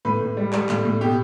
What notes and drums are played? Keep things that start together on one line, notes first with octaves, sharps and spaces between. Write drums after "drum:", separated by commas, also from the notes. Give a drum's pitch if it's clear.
A2 B4
A2
G3
G3, drum: clap
A2, drum: clap
A2
B2 G4